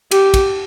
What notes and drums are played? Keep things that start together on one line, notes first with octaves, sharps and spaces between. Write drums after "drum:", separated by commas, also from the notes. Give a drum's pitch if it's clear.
G4, drum: cymbal
drum: kick, cymbal